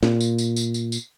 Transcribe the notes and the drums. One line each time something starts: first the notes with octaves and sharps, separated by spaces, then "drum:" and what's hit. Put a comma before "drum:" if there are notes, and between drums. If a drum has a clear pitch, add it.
A#2, drum: snare
drum: tambourine
drum: tambourine
drum: tambourine
drum: tambourine
drum: tambourine